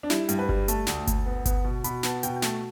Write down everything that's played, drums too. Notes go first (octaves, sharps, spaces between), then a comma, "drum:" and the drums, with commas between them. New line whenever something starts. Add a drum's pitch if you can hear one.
D4
G3 E4, drum: snare
G2, drum: hi-hat
B4
G3, drum: kick G1
A3 A5, drum: hi-hat
D2, drum: snare
D2, drum: kick G1, hi-hat
B3
B3, drum: kick G1, hi-hat
B2
B2 B5, drum: hi-hat
B3 A5, drum: snare
B2 G5, drum: hi-hat
G5
A3 A5, drum: snare